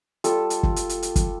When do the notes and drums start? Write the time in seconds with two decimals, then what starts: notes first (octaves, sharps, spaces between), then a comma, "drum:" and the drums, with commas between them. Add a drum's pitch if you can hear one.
0.24 G3 F4 A4, drum: hi-hat
0.50 drum: hi-hat
0.63 drum: kick
0.76 drum: hi-hat
0.89 drum: hi-hat
1.03 drum: hi-hat
1.16 drum: kick, hi-hat